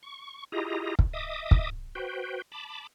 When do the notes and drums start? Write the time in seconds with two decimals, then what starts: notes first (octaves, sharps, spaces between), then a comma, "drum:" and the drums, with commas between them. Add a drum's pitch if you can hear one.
0.03 C#6
0.52 E4 F4 G4 G#4 D#5 A#5
0.99 drum: kick
1.13 D#5 E5 D6 D#6
1.51 drum: kick
1.95 F#4 B4 C5 G5
2.52 A5 B5 D6